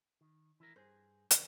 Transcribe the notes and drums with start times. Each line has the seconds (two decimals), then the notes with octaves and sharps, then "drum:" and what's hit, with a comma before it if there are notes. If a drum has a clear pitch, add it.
0.21 D#3
0.60 E3 E4 A#4
0.76 G2 G#4 C5
1.31 F2 C#3 E3 D5, drum: hi-hat